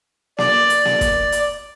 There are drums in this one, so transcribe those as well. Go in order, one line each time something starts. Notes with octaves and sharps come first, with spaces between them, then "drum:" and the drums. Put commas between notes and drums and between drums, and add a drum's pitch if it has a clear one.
D5, drum: snare A#3
drum: hi-hat
drum: snare A#3
drum: kick, hi-hat
drum: hi-hat